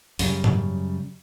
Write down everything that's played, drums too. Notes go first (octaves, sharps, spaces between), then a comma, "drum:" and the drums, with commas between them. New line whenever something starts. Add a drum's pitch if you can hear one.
F#2 C#3 G3, drum: open hi-hat
drum: tom G#2